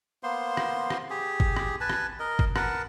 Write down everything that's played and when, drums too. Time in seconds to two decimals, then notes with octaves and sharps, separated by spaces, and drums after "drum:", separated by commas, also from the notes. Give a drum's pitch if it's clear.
0.23 A#3 B3 C5 C6
0.57 drum: rim click
0.90 drum: rim click
1.10 G4 G#4
1.40 drum: kick G1
1.56 drum: rim click
1.81 B4 G#5 A5
1.90 drum: rim click
2.19 A#4 D#5
2.39 drum: kick G1
2.56 A#4 B4 F#5 A5, drum: rim click